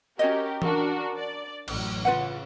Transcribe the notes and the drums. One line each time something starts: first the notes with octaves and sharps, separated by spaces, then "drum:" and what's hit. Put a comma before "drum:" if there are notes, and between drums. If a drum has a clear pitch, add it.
C#4 F#4 G4 A#4 C#5 D#5
D4 F#4 A#4, drum: tom E3
D5
A1 F#2, drum: cymbal
C#3 F4 B4 F#5